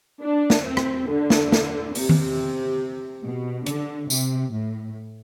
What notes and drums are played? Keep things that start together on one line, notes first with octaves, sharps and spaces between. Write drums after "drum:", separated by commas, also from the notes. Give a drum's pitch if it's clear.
D4
drum: snare
C4
drum: rim click
D3
drum: snare
drum: snare
C3, drum: open hi-hat
drum: tom D#3
B2
D3, drum: hi-hat
C3, drum: tambourine
A2